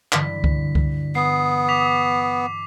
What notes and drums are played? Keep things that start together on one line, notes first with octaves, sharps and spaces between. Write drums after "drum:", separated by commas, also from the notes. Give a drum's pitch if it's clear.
G2 D3 E3 B6, drum: clap
drum: kick C#2
drum: kick C#2
B3 D#6 C7
D6 B6 F7